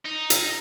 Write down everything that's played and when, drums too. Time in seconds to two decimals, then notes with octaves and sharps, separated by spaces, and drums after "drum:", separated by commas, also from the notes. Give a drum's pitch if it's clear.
0.05 D#4
0.30 drum: hi-hat